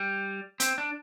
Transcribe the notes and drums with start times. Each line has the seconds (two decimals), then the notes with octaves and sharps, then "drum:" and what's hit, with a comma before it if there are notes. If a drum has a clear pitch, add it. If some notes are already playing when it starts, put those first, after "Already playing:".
Already playing: G3
0.60 C4, drum: hi-hat
0.78 D4